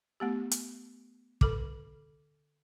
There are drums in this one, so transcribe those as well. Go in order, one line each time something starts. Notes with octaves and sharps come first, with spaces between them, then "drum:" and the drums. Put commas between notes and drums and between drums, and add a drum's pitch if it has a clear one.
A3 B3 G4
drum: hi-hat
D3 A4 D6, drum: kick